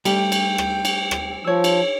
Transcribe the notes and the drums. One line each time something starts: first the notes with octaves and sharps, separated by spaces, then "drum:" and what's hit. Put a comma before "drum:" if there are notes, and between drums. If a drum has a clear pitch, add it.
G3 A3 G4 G5, drum: cymbal
drum: cymbal
drum: rim click
drum: cymbal
drum: rim click
F3 C#5 E6
drum: cymbal